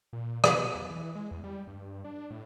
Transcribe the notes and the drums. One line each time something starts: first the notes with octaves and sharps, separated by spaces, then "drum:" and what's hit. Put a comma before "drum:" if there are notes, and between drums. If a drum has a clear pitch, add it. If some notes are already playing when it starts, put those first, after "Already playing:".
A#2
B2, drum: rim click
E2
E3
G#3
E2
G3
G2
D4
A2